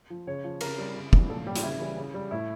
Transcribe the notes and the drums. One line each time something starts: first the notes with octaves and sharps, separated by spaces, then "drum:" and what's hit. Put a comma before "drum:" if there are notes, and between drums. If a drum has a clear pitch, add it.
F3
C#3 C#5
F3
C#3 A#4, drum: cymbal
G3
C#3
E3 G3, drum: kick
A#2 A4
G3 G4
F4, drum: hi-hat
C#3 E4
E3 G3
C#3
G3
A2 E4